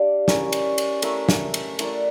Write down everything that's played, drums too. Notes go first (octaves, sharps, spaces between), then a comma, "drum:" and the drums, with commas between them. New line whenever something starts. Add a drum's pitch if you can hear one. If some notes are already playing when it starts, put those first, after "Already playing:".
Already playing: D4 G4 D5 F5
C#4 E4 A#4 D5, drum: snare
drum: cymbal
drum: cymbal
A3 E4 A#4 E5, drum: cymbal
drum: snare
drum: cymbal
A3 E4 A#4 D5, drum: cymbal